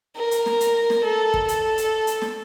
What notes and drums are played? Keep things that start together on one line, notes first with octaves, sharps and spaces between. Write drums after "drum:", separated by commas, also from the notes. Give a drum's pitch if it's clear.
A#4
drum: hi-hat
drum: snare
drum: hi-hat
drum: snare
A4
drum: kick
A4, drum: hi-hat
drum: hi-hat
drum: hi-hat
drum: snare